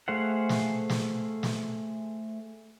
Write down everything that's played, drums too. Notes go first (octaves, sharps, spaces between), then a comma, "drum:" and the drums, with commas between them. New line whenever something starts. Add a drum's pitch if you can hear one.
A3 G#4 C5 F5 F#5
drum: snare
drum: snare
drum: snare